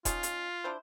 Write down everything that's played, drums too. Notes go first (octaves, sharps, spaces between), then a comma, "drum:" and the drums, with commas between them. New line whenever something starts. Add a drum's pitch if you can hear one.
F3 C#4 D#4 F4, drum: kick E1, hi-hat
drum: hi-hat
D4 E4 C5